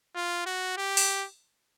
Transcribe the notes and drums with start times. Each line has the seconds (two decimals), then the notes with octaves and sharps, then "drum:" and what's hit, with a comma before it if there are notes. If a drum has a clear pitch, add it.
0.16 F4
0.46 F#4
0.77 G4
0.97 drum: open hi-hat